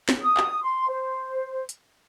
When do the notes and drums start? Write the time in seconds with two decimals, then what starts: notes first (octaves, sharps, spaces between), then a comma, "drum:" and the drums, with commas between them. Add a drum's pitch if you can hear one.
0.09 drum: snare
0.22 D#6
0.37 drum: clap
0.63 C6
0.88 C5
1.69 drum: hi-hat